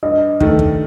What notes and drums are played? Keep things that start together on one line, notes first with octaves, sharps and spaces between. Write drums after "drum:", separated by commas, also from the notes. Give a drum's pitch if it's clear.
G2 D#5
D#3 A3, drum: kick
drum: kick